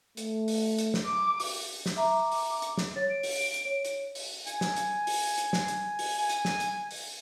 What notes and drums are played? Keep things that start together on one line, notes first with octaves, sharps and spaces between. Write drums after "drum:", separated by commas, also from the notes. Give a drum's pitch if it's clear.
A3, drum: hi-hat
drum: open hi-hat
drum: hi-hat
drum: snare
D6
drum: open hi-hat
drum: snare
E5 A#5 D6
drum: open hi-hat
drum: hi-hat
drum: snare
C#5 A6
D7
drum: open hi-hat
drum: hi-hat
C#5
drum: hi-hat
drum: open hi-hat
G#5, drum: hi-hat
drum: snare
drum: hi-hat
drum: open hi-hat
drum: hi-hat
drum: snare
drum: hi-hat
drum: open hi-hat
G#5
drum: hi-hat
drum: snare
drum: hi-hat
drum: open hi-hat